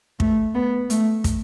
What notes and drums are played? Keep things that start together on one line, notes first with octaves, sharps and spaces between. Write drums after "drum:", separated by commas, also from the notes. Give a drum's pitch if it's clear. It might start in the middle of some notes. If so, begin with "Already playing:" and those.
A3, drum: kick
B3
A3, drum: hi-hat
drum: kick, hi-hat